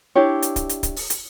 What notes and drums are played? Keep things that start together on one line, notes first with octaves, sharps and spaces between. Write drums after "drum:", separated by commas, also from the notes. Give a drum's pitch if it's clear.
D4 E4 G4 C#5
drum: hi-hat
drum: kick C#1, hi-hat
drum: hi-hat
drum: kick C#1, hi-hat
drum: open hi-hat
drum: hi-hat